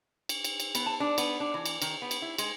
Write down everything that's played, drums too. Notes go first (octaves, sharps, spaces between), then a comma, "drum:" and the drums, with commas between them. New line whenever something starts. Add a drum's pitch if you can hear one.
drum: cymbal
drum: cymbal
drum: cymbal
B3, drum: cymbal
A5
D4
B3, drum: cymbal
D4
E3
drum: cymbal
D#3, drum: cymbal
B3
drum: cymbal
E4
G#3, drum: cymbal